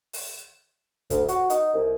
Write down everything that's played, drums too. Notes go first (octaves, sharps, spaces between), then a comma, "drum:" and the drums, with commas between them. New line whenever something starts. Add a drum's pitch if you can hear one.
drum: open hi-hat
D2, drum: kick, hi-hat
F#4, drum: hi-hat
D#4, drum: hi-hat
C2